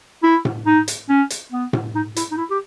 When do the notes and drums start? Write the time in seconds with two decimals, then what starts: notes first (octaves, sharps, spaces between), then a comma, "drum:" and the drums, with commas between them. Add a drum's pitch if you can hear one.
0.23 E4
0.45 drum: tom A2
0.66 D#4
0.88 drum: hi-hat
1.09 C#4
1.30 drum: hi-hat
1.52 B3
1.73 drum: tom A2
1.95 D#4
2.16 E4, drum: hi-hat
2.31 D#4
2.37 E4
2.50 G4